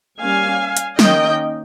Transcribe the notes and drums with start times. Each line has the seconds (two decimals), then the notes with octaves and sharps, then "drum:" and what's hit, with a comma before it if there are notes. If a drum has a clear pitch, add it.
0.20 G3 A#3 C#4 F5 G#5
0.77 drum: hi-hat
0.99 D#3 A#3 C#4 D#5 G5, drum: snare